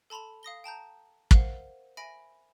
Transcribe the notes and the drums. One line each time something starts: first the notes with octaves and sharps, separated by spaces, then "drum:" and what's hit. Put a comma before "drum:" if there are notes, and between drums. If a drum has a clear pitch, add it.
A4 A5 B5 C6 F7
F5 D#6 A#6 G7
G5 A5 A#5 G6
A#4 C5 F5 F#5, drum: kick
E5 G#5 B5 A#6 D7